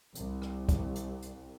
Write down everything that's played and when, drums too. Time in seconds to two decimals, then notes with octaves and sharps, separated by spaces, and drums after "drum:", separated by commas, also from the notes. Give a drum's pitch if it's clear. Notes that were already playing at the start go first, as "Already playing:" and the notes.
0.15 C2, drum: hi-hat
0.42 drum: rim click
0.69 drum: kick, hi-hat
0.95 drum: hi-hat
1.22 drum: hi-hat